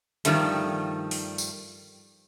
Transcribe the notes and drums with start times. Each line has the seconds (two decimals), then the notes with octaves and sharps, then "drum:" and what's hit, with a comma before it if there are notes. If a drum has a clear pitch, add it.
0.25 G2 D#3 F3 G3 A3, drum: hi-hat
1.11 drum: open hi-hat
1.38 drum: tambourine